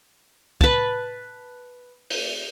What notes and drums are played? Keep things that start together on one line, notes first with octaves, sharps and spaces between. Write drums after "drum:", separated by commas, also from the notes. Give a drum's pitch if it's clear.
B4 A5, drum: kick
drum: open hi-hat